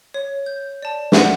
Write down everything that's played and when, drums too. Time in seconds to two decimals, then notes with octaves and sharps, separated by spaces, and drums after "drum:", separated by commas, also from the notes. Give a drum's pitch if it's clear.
0.14 C#5
0.46 G6
0.82 D5 A5
1.12 C5 E5 F#5, drum: snare